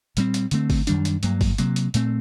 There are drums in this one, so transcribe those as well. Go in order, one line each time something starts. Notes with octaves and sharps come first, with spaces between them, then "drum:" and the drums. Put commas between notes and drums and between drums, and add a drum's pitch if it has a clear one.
A#2 G3 C4, drum: hi-hat
drum: hi-hat
D3 A3 C4, drum: hi-hat
drum: kick G1, open hi-hat
F#2 D#3 G3 D4, drum: hi-hat
drum: hi-hat
G2 F#3 A#3, drum: hi-hat
drum: kick G1, open hi-hat
C3 F#3 A#3, drum: hi-hat
drum: hi-hat
A#2 A3 C4, drum: hi-hat